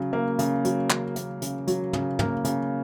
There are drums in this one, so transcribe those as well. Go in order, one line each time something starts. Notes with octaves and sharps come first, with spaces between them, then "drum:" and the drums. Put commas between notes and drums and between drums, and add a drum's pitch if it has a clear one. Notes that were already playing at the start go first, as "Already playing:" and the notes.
Already playing: C#3 F#3
A#3
C#3, drum: hi-hat
F#3, drum: hi-hat
C#3, drum: clap
A#3, drum: hi-hat
C#3, drum: hi-hat
F#3, drum: hi-hat
C#3, drum: tom
A#3, drum: tom
C#3, drum: hi-hat